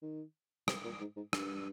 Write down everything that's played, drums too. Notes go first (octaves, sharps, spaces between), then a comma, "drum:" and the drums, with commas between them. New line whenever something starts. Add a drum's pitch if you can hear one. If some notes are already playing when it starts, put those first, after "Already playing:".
D#3
C3, drum: rim click
A#2
G#2
G#2
G2, drum: rim click